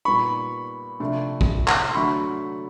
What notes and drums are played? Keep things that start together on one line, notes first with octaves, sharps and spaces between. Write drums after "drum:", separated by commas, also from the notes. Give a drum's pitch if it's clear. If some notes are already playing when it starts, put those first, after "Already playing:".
A#2 G3 B3 D#4 B5 C#6
C3 F3 A3 D4 F4
drum: kick
drum: clap
C6
D3 F#3 A3 B5 C#6